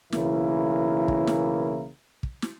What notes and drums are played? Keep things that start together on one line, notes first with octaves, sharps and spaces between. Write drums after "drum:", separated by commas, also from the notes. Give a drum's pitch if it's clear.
B1 C#3 E3 A#3 E4 A#4, drum: snare
drum: kick
drum: snare
drum: kick
drum: snare